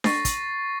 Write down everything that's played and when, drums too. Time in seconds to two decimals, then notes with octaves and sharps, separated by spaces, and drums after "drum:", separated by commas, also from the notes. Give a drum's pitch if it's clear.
0.04 C#6 A6 A#6 C7, drum: snare D4
0.25 drum: kick, hi-hat